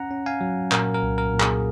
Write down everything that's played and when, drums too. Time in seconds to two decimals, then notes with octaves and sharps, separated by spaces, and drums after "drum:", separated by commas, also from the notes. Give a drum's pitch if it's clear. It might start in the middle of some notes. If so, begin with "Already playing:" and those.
Already playing: C#4 F#5 A#5
0.11 C#4
0.26 F5 G#5
0.41 F#3
0.72 A#2 A#4, drum: clap
0.95 A#4
1.03 C2
1.18 A#4
1.33 A#2
1.40 G#4, drum: clap